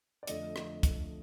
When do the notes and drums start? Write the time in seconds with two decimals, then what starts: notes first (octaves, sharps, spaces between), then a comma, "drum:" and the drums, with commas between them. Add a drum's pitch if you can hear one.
0.23 D5
0.27 F2 D3 F3 A3 D#5, drum: hi-hat
0.56 drum: rim click
0.83 drum: kick, hi-hat